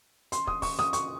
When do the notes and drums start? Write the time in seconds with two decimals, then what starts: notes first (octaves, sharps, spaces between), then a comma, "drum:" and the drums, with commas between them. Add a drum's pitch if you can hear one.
0.32 C6, drum: hi-hat
0.47 D#6, drum: kick
0.62 C#6, drum: kick, open hi-hat
0.79 D#6, drum: snare
0.93 C#6, drum: hi-hat